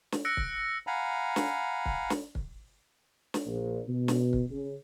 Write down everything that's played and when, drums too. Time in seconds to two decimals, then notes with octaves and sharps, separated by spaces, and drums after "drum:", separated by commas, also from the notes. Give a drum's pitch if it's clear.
0.12 drum: snare
0.25 E6 F#6 A#6 C#7 D7
0.37 drum: kick
0.87 F5 F#5 G#5 A#5 B5
1.36 drum: snare
1.86 drum: kick
2.10 drum: snare
2.35 drum: kick
3.34 drum: snare
3.46 A#1
3.88 B2
4.08 drum: snare
4.33 drum: kick
4.50 C#3